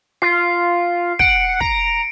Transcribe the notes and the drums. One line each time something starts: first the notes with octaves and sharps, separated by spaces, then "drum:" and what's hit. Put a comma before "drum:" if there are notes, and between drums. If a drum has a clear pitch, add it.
F4 C7
F#5 C#7 D7, drum: kick
A#5, drum: kick